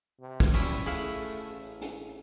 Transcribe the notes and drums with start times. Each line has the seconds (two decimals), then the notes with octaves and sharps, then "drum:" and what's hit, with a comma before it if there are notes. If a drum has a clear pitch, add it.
0.20 C3
0.40 drum: kick
0.53 F3 G3 C#4 E4, drum: open hi-hat
0.86 A3 E4 G#4 F5 F#5
1.48 A1
1.82 drum: hi-hat